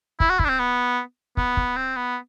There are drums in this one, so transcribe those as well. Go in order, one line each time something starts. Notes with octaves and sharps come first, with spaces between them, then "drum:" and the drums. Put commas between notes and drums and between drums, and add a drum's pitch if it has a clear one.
E4, drum: kick
F#4
E4, drum: kick
D4
C4
B3
B3, drum: kick
drum: kick
C4
B3